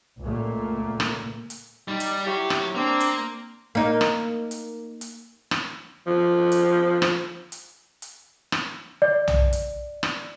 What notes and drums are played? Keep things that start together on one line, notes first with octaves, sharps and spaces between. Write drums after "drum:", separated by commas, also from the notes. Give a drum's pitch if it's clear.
C#2 A#2 A3 A#3
drum: rim click
drum: hi-hat
G3 D#4
drum: hi-hat
E4 F#4 G4 C#5
drum: rim click
A#3 C4 D4
drum: hi-hat
A#3 D#4
drum: rim click
drum: hi-hat
drum: hi-hat
drum: rim click
F3
drum: hi-hat
drum: rim click
drum: hi-hat
drum: hi-hat
drum: rim click
D5
drum: tom B1
drum: hi-hat
drum: rim click